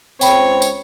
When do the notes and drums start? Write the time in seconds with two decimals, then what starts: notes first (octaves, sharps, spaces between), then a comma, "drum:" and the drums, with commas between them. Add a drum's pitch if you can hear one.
0.21 C#2 C4 C#5 G5 B5, drum: tambourine
0.62 drum: tambourine